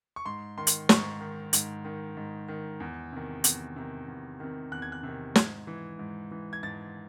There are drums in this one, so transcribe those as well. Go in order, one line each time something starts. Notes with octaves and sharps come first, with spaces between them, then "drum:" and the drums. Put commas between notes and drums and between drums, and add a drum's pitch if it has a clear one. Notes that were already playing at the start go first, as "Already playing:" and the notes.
C#6
G#2 C6
D#3 C6
drum: hi-hat
G#2 C#6, drum: snare
D#3
G#2, drum: hi-hat
D#3
G#2
D#3
E2
C3 D#3
E2, drum: hi-hat
C3 D#3
E2
C3 D#3
E2 F#6
G#6
F#6
C3 D#3
G#2 G#6, drum: snare
E3
G#2
E3
G#6
G#2 A6